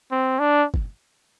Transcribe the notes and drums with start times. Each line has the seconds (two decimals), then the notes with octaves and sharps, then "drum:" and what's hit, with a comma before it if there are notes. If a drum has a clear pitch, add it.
0.12 C4
0.39 D4
0.74 drum: kick F#1